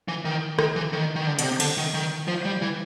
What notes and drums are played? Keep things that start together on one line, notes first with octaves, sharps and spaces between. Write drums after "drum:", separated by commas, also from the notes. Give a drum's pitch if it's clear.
E3
D#3
D#3, drum: rim click
E3
D#3
D#3
D3
B2, drum: hi-hat
C3
D3, drum: cymbal
D#3
D#3
F3
G3
E3